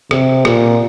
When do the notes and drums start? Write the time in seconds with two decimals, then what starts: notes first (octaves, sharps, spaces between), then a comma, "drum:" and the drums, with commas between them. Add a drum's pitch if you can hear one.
0.11 C3, drum: rim click
0.45 A#2, drum: rim click